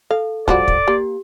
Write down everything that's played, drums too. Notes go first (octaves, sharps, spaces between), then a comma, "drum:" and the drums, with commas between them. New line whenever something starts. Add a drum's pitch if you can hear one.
A4 F5
F3 G3 F#4 D5, drum: kick
drum: kick
A#3 G4